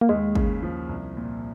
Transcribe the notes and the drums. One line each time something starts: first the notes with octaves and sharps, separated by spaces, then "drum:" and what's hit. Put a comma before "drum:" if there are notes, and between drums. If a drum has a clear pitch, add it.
A#3
D#2 G#3
C#3, drum: kick
F3
C2
A#2